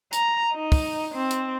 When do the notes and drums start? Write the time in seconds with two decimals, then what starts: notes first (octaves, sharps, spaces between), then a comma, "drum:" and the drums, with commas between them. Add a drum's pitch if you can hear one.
0.13 A#5, drum: hi-hat
0.53 D#4
0.72 drum: kick, open hi-hat
1.14 C4
1.31 drum: hi-hat